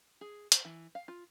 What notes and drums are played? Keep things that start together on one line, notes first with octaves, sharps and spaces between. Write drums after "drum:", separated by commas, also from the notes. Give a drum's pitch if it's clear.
G#4
C5, drum: hi-hat
E3
F5
F4